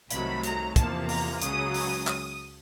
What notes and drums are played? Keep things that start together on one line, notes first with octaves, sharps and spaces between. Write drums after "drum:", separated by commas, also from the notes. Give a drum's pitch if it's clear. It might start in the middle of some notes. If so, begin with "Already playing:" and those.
C2 C3 D#3 F#3 A3 B5, drum: hi-hat
A#5, drum: hi-hat
E2 C3 F3 A#3 A5, drum: kick, hi-hat
A#5, drum: open hi-hat
C#2 C#3 F#3 D#6, drum: hi-hat
D#6, drum: open hi-hat
drum: clap